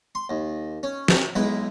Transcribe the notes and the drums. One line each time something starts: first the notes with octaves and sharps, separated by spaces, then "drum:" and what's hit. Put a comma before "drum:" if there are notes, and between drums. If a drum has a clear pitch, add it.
C6
D#2
C#4
drum: snare
B1 G#3 E4 B4 B5